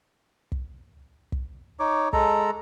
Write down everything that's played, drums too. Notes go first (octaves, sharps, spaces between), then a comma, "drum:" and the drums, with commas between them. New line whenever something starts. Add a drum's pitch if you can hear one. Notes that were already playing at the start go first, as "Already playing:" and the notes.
drum: kick
drum: kick
D#4 C#5 D6
G#3 A4 A#5, drum: kick